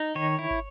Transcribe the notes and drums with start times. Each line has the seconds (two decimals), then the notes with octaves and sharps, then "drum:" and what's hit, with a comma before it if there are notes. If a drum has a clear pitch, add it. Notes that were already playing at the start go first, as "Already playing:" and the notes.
Already playing: D#4
0.15 D#3 C#5
0.39 E4
0.51 drum: kick